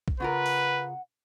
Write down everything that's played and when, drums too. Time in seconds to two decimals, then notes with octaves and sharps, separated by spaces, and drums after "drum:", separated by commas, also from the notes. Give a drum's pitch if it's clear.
0.08 drum: kick
0.20 C#3 F4 A#4 B4 F#5
0.46 drum: open hi-hat